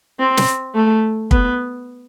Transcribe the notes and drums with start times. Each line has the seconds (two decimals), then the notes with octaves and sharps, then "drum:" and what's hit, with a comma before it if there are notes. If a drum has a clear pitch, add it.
0.20 C4
0.37 drum: snare
0.75 A3
1.31 B3, drum: kick